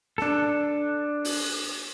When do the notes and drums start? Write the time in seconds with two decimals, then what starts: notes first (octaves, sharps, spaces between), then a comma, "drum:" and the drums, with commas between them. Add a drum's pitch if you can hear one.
0.18 D4 A4, drum: snare
1.25 drum: open hi-hat
1.64 drum: hi-hat